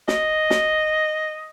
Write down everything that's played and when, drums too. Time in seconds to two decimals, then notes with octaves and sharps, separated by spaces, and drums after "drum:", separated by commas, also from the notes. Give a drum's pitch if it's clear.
0.08 D#5, drum: snare
0.50 drum: snare